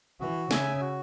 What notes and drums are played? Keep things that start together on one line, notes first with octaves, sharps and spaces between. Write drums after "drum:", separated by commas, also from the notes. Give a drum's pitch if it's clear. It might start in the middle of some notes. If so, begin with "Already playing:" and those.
E3 F#4
C#3 E5 G#5, drum: snare
F#4